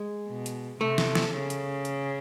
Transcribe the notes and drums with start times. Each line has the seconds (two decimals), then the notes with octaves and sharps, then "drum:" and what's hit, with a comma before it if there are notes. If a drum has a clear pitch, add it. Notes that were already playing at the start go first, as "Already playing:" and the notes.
Already playing: G#3
0.28 B2
0.46 drum: hi-hat
0.80 C3 A3
0.98 drum: snare
1.15 drum: snare
1.32 C#3
1.50 drum: hi-hat
1.85 drum: hi-hat